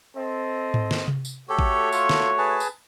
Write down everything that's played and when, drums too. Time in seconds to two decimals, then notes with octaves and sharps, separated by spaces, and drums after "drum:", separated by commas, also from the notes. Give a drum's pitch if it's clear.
0.16 C4 A4 D#5
0.74 drum: tom G#2
0.91 drum: snare
1.08 drum: tom C3
1.25 drum: tambourine
1.49 A3 F#4 G4 A4 C#5
1.59 drum: kick A1
1.92 F4 A4, drum: tambourine
2.09 drum: snare
2.38 G#4 B4 A5
2.60 drum: tambourine